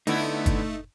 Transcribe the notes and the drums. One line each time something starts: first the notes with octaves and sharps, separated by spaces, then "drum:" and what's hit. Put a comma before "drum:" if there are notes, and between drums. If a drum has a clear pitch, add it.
D3 A3 B3 D#4 E4, drum: hi-hat
drum: kick, hi-hat